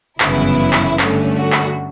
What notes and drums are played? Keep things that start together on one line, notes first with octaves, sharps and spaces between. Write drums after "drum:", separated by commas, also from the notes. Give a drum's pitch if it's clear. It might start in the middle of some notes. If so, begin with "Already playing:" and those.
G1 F#2 C#3 E3 B3 E4, drum: clap
drum: clap
G2 D3 A3 C#4, drum: clap
F#4
drum: clap